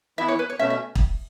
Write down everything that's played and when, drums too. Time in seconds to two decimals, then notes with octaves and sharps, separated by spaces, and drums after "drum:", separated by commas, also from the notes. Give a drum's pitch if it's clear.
0.18 E3 B3 E4 E5
0.28 C#5
0.39 B4
0.50 C#5
0.59 B2 A3 C#4 E5
0.70 E5
0.95 drum: kick